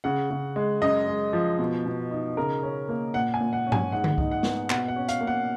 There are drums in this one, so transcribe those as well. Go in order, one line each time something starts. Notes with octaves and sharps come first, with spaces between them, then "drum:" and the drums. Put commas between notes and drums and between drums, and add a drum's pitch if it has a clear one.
C#3 F#5
C#3
G#3
F#2 D#5
G#3
F3
B2
B2
D#4
C#3 A#4
C#4
A#3
A#2 F#5
G#5
A#2
F#5
C#4
G#5, drum: tom G2
G#2 F#5
drum: tom D3
D#4, drum: kick C2
F#5
B3, drum: snare A3
B2 F#5, drum: clap
F#5
C#4
F5, drum: hi-hat
A#3
F#5